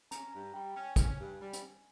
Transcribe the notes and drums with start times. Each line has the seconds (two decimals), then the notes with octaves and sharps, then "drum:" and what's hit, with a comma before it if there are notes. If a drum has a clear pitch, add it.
0.11 C#4 A#5, drum: hi-hat
0.33 G2 A#5
0.54 G3 G5
0.75 C#4
0.96 C#4 G#5, drum: kick, hi-hat
1.18 G2
1.40 G3
1.53 drum: hi-hat